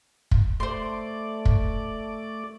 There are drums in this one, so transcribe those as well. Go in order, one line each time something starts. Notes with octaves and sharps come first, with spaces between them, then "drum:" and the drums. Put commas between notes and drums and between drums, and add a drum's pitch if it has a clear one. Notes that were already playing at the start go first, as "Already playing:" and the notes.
drum: kick
A3 C5 D5 C6
drum: kick